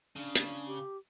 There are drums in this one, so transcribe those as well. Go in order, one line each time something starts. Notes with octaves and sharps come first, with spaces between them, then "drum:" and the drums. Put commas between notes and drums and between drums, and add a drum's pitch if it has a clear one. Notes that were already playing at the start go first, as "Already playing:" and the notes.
C#3 D4
drum: hi-hat
G4